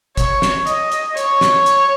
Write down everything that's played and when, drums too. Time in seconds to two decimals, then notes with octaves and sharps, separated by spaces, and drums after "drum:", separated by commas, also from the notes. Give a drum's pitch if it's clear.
0.17 C#5, drum: kick, hi-hat
0.42 drum: snare
0.67 D#5, drum: hi-hat
0.92 drum: hi-hat
1.17 C#5, drum: hi-hat
1.41 drum: snare
1.66 drum: hi-hat